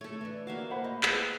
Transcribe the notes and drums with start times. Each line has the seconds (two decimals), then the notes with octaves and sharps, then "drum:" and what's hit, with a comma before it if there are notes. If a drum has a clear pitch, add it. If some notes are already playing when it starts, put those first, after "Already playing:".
0.01 A3 A4 C#5
0.21 E3 D4
0.47 A#3 F#4 E5 F5
0.70 D2 C5 F#5 B5
0.84 D#5
1.03 E4 G#4 B4, drum: clap